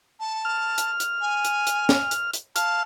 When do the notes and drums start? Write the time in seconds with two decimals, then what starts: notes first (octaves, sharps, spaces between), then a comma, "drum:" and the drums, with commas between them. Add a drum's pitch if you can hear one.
0.20 A5
0.45 F6
0.78 drum: hi-hat
1.00 drum: hi-hat
1.21 G#5
1.45 drum: hi-hat
1.67 drum: hi-hat
1.89 drum: snare
2.11 drum: hi-hat
2.33 drum: hi-hat
2.56 F5 A5, drum: hi-hat